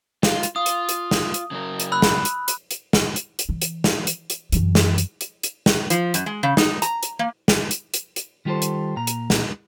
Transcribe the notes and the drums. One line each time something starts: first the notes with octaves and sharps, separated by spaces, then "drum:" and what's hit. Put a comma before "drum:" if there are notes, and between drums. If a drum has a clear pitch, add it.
F4, drum: snare
drum: hi-hat
F4 D#6
drum: hi-hat
drum: hi-hat
drum: snare
drum: hi-hat
C#3 F#3 A#4
drum: hi-hat
B5 E6 F#6
drum: snare
drum: hi-hat
drum: hi-hat
drum: hi-hat
drum: snare
drum: hi-hat
drum: hi-hat
E3
drum: hi-hat
drum: snare
drum: hi-hat
drum: hi-hat
F#2 E3, drum: hi-hat
drum: snare
drum: hi-hat
drum: hi-hat
drum: hi-hat
drum: snare
F3, drum: hi-hat
F#2, drum: hi-hat
G#3
C#3
D#4, drum: snare
A#5, drum: hi-hat
drum: hi-hat
A#3
drum: snare
drum: hi-hat
drum: hi-hat
drum: hi-hat
D#3 G3 F4 G4 A4 C5
drum: hi-hat
A#2 A#5
drum: hi-hat
drum: snare